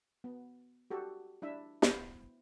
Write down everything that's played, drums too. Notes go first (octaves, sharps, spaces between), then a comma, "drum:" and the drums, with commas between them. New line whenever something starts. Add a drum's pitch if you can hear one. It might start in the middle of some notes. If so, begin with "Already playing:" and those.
B3
F#4 G4 A4
D4 E4 E5
B3 E4 C5, drum: snare